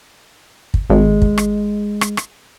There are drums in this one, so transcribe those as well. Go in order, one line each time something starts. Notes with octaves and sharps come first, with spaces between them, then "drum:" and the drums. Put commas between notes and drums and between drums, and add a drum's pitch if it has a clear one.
drum: kick
G#1 G#3
drum: kick
drum: rim click
drum: rim click
drum: rim click